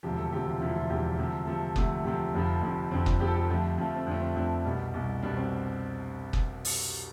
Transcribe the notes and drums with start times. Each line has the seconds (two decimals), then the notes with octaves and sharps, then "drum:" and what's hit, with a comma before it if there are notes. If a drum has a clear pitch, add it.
0.03 E1 D2 C3 F3 G4
0.17 A4
0.32 E1 D2 C3 F3 G4
0.46 F4
0.61 E1 D2 C3 F3 E4
0.76 F4
0.90 E1 D2 C3 F3 G4
1.19 D2 C3 F3 A3
1.47 D2 C3 F3 A3 A4
1.76 D2 C3 F3 A3, drum: kick
2.05 D2 C3 F3 A3 G4
2.34 F1 F2 D3 F3
2.62 F1 F2 D3 F3
2.91 F1 F2 D3 F3 C4
3.06 D4, drum: kick
3.20 F1 F2 D3 F3 G4
3.27 A4
3.35 G4
3.50 F2 D3 F3 A3
3.78 F2 D3 F3 A3 F4
3.96 C4
4.07 F2 D3 F3 A3 D4
4.21 C4
4.36 F2 D3 F3 A3 D4
4.65 C2 B2 G3
4.94 C2 B2 G3
5.22 C2 B2 G3 D4
5.37 C4
6.33 drum: kick
6.65 drum: open hi-hat